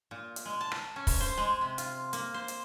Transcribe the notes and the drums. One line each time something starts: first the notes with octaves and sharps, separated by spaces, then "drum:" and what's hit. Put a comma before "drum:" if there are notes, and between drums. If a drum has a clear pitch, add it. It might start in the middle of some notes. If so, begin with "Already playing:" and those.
A#2
drum: hi-hat
G#3
A5
drum: rim click
C#4
drum: kick, open hi-hat
C5
G#3
C3
F4, drum: hi-hat
A#3, drum: hi-hat
C5
drum: hi-hat